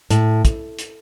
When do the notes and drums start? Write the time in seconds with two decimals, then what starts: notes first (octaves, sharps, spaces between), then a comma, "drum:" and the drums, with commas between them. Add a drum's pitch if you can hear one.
0.10 A2, drum: hi-hat
0.45 drum: kick, hi-hat
0.79 drum: hi-hat